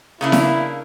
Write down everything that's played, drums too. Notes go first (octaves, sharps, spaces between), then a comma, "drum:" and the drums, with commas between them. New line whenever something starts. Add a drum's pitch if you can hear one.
C#3 A#3 D4 E4
drum: snare E4